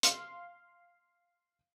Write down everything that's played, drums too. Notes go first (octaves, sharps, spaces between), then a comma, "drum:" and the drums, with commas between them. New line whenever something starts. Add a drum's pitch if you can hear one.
F5 C6, drum: hi-hat